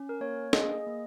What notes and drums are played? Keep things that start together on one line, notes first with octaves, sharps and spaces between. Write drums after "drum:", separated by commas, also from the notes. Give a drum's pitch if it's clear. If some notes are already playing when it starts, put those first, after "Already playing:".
Already playing: C#4
A#4
A#3 C#5
G#4 D#5, drum: snare
A#3